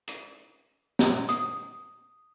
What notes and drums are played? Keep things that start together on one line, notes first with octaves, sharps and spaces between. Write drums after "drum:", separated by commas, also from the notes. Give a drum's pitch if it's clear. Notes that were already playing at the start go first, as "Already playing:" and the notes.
drum: hi-hat
drum: snare
D#6, drum: hi-hat